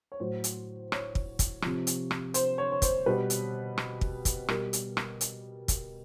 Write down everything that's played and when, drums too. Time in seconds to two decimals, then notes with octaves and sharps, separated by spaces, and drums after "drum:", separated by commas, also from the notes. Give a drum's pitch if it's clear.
0.12 C#5
0.20 A2 F#3 C5
0.44 drum: hi-hat
0.92 C#5, drum: rim click
1.15 drum: kick
1.39 drum: kick, hi-hat
1.62 C3 F3, drum: rim click
1.87 drum: hi-hat
2.11 drum: rim click
2.34 C5, drum: hi-hat
2.58 C#5
2.72 C#5
2.82 C5, drum: kick, hi-hat
3.06 B2 G3 B4
3.30 drum: hi-hat
3.78 drum: rim click
4.01 drum: kick
4.25 drum: kick, hi-hat
4.48 B2 G3 A#4, drum: rim click
4.73 drum: hi-hat
4.97 drum: rim click
5.21 drum: hi-hat
5.68 drum: kick, hi-hat